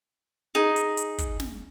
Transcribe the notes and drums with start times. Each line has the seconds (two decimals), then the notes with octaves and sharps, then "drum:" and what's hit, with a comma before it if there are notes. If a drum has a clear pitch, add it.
0.55 D#4 G#4
0.76 drum: hi-hat
0.97 drum: hi-hat
1.18 drum: kick, hi-hat
1.40 drum: snare